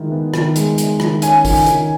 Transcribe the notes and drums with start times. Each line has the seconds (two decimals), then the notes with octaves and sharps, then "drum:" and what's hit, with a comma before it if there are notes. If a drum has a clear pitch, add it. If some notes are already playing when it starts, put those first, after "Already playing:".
Already playing: D#3 G#3 E4
0.11 B3
0.34 D#3, drum: rim click
0.56 G#3, drum: hi-hat
0.78 G#3, drum: hi-hat
1.00 D#3, drum: rim click
1.22 C#4 G#5, drum: hi-hat
1.45 D#3, drum: kick A1, open hi-hat
1.66 D#3, drum: hi-hat